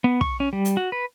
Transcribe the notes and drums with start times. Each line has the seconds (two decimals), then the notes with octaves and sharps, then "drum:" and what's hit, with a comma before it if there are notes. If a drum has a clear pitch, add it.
0.04 B3
0.21 C#6, drum: kick
0.40 C#4
0.53 G3
0.65 drum: hi-hat
0.77 F#4
0.92 B4